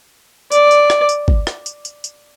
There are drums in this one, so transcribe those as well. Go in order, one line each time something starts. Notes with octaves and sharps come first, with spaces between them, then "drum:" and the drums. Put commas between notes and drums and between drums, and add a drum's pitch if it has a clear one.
D5, drum: tambourine
drum: tambourine
drum: rim click
drum: tambourine
drum: kick G#1
drum: rim click
drum: tambourine
drum: tambourine
drum: tambourine